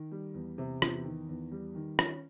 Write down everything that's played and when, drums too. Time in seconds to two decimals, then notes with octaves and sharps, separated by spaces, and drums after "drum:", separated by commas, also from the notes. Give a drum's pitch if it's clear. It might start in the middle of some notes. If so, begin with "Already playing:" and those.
Already playing: D#3
0.11 G3
0.34 E2
0.58 C3
0.82 E2, drum: rim click
1.04 D#3
1.29 E2
1.51 G3
1.75 D#3
1.99 C#4, drum: rim click